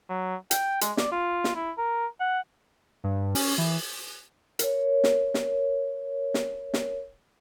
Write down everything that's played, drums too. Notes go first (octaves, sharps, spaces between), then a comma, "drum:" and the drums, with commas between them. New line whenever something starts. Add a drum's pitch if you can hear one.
F#3
G5, drum: hi-hat
G#3, drum: hi-hat
D5, drum: snare
F4
drum: snare
E4
A#4
F#5
G2
C#4, drum: open hi-hat
E3
A#4 C#5, drum: hi-hat
drum: snare
drum: snare
drum: snare
drum: snare